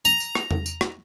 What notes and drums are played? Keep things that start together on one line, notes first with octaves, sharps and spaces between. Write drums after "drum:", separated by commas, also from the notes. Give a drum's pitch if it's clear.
A#5, drum: tambourine
drum: tambourine
drum: rim click
drum: tom E2
drum: tambourine
drum: rim click